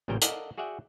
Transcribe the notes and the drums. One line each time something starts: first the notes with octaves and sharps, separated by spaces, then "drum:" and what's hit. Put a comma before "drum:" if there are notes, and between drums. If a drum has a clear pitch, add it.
A1 A#2 C#3 G3 A#4 G5
A4 A#4 D5 D#5 F5 F#5, drum: hi-hat
F#4 G#4 D5 E5 F#5 G5